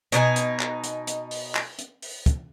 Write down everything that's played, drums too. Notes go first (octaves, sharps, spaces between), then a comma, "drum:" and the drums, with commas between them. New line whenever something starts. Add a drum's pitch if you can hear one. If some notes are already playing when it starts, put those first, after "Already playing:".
B2 D4 D#4 G#5, drum: hi-hat
drum: hi-hat
drum: clap
drum: hi-hat
drum: hi-hat
drum: open hi-hat
drum: clap
drum: hi-hat
drum: open hi-hat
drum: kick, hi-hat